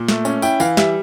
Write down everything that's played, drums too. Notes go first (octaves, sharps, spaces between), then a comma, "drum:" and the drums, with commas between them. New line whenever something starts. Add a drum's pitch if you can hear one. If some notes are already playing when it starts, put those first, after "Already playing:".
Already playing: A#2
A3, drum: snare
C#4, drum: tambourine
E4 G5, drum: tambourine
E3 F5, drum: tambourine
G3 E5, drum: snare